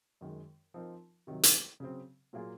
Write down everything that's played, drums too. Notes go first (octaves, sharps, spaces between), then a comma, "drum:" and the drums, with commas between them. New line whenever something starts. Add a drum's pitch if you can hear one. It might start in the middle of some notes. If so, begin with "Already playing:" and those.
F#2 D#3 G#3
F3 C4 D#4 A#4
C3 D#3 F#3
drum: hi-hat
C#3 F#3 C4
A#2 F#3 A#3 F4 G#4